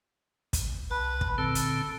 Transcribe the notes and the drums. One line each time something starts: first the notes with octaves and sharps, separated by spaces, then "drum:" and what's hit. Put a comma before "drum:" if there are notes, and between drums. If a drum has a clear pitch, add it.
drum: kick, hi-hat
C2 B4 A5
drum: kick
A#2 D3 C4 A4
drum: hi-hat